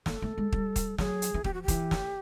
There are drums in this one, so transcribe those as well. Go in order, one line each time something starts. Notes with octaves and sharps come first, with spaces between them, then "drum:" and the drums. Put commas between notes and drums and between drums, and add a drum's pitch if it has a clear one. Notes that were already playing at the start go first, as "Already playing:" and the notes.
A#3 A4, drum: snare
A3
G#3
G3, drum: kick
drum: kick, hi-hat
F#3 G#4, drum: snare
drum: hi-hat
E3
F3 G4, drum: kick
F#4
G4
E3, drum: kick, hi-hat
drum: snare